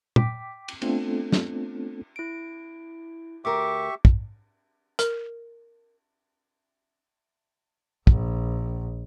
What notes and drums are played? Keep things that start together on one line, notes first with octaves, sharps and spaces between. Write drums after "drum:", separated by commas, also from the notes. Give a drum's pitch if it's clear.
G5 D6 B6, drum: tom A#2
drum: cymbal
A3 B3 C4 D4 F4 A4, drum: cymbal
drum: snare
E4 D7
D2 G4 A#4 E5 C#6 D6
drum: kick
A#4, drum: hi-hat
A#1, drum: kick